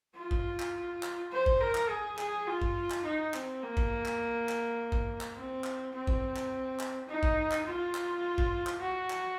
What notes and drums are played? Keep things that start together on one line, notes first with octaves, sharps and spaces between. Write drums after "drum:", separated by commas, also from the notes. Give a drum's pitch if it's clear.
F4
drum: kick G#1
drum: clap
drum: clap
C5
drum: kick G#1
A#4
drum: clap
G#4
G#4, drum: clap
F4
drum: kick G#1
drum: clap
D#4
C4, drum: clap
A#3
drum: kick G#1
drum: clap
drum: clap
drum: kick G#1
drum: clap
C4
drum: clap
C4
drum: kick G#1
drum: clap
drum: clap
D#4
drum: kick G#1
drum: clap
F4
drum: clap
drum: kick G#1
drum: clap
F#4
drum: clap